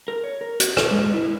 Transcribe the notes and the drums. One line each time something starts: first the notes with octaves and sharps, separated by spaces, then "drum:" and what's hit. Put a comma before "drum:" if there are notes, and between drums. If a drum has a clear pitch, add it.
A#4
C#5
A#4
F#4, drum: hi-hat
A4, drum: rim click
G#3
E4